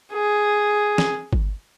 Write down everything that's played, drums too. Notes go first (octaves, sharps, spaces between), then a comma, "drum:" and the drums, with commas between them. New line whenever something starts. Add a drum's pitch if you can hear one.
G#4
drum: snare
drum: kick G1